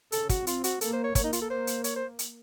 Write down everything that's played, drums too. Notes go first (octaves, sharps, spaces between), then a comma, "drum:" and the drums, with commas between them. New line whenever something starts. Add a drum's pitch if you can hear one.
C#3 A4, drum: hi-hat
F#4, drum: kick, hi-hat
C4 F4, drum: hi-hat
F#4, drum: hi-hat
A#3 A4, drum: hi-hat
C5
C#5
A#3 C#5, drum: kick, hi-hat
D#4
F4, drum: hi-hat
A4
C5
drum: hi-hat
C#5, drum: hi-hat
C5
drum: hi-hat